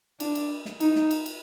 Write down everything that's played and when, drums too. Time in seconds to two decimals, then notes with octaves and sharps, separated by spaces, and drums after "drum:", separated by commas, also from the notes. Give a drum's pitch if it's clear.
0.20 D4, drum: cymbal
0.35 drum: cymbal
0.65 drum: snare
0.80 D#4, drum: cymbal
0.96 drum: snare
1.11 drum: cymbal
1.26 drum: cymbal